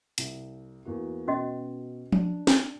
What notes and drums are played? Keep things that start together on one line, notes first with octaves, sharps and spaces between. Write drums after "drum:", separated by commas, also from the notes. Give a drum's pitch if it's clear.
C2, drum: hi-hat
E2 A#3 F#4
B2 C#4 F#4 D#5
D4, drum: tom F3
drum: snare